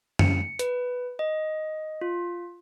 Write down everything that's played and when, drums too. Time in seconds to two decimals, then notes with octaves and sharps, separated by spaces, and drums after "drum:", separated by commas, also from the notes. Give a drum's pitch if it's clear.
0.19 C#7, drum: tom
0.59 B4, drum: hi-hat
1.19 D#5
2.01 F4